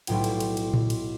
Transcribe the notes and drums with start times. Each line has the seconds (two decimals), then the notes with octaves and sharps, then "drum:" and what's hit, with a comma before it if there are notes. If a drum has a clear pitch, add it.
0.07 B1 A2 F4 G5, drum: cymbal
0.24 drum: cymbal
0.40 drum: cymbal
0.57 drum: cymbal
0.74 drum: tom A2
0.90 drum: cymbal